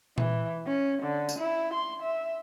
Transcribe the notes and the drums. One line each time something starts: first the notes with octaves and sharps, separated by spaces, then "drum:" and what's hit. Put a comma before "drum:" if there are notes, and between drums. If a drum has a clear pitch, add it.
E3, drum: tom A#2
C#4
D3
drum: tambourine
E4
C6
E5